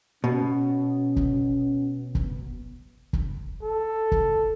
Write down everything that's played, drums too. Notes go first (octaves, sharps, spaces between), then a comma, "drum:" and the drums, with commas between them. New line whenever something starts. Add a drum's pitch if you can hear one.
B2 C#4
drum: kick
drum: kick
drum: kick
A4
drum: kick